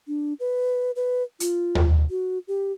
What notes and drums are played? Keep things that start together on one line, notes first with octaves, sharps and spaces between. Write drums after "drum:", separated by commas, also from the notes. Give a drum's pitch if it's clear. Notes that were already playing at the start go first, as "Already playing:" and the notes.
D4
B4
B4
F4, drum: hi-hat
drum: tom D#2
F#4
G4